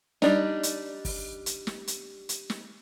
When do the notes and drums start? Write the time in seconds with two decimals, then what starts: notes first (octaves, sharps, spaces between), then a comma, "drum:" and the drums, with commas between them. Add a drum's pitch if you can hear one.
0.22 G3 D4 D#4, drum: snare
0.63 drum: hi-hat
1.05 drum: kick, open hi-hat
1.46 drum: hi-hat
1.67 drum: snare
1.87 drum: hi-hat
2.29 drum: hi-hat
2.50 drum: snare